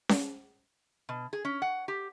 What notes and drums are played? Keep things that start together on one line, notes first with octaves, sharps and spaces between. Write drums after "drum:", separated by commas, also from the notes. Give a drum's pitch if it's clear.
drum: snare C#4
B2
G#4
C#4
F#5
G4